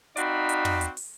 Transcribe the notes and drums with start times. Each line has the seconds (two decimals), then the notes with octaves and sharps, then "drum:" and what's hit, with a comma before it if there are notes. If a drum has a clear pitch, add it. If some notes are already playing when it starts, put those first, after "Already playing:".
0.17 C4 D#4 F#4 D5 F5 B5, drum: hi-hat
0.49 drum: hi-hat
0.65 drum: tom
0.81 drum: hi-hat
0.97 drum: open hi-hat